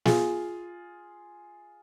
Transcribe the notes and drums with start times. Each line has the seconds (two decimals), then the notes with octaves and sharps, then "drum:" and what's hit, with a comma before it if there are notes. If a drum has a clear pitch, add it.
0.05 F4 G#4, drum: snare